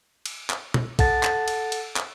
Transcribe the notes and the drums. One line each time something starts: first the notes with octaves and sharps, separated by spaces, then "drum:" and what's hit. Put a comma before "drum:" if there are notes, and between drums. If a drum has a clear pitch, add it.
drum: cymbal
drum: clap
drum: tom
A4 F#5 A5 A6, drum: kick, cymbal
drum: clap
drum: cymbal
drum: cymbal
drum: clap